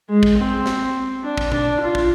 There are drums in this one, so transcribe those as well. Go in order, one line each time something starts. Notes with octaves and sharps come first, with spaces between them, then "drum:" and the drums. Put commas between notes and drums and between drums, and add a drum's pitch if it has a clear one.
G#3
drum: kick
C4
drum: snare
D4
drum: kick
D4, drum: tom A#2
F4
drum: kick